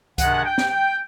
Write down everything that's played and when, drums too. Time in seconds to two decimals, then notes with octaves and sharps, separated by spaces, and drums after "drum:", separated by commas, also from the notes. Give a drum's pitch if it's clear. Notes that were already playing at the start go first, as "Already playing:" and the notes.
0.18 C3 D#3 G#3 B3 D4 F#5, drum: kick C#2, hi-hat
0.33 G#5
0.45 G5
0.58 drum: snare
0.70 G5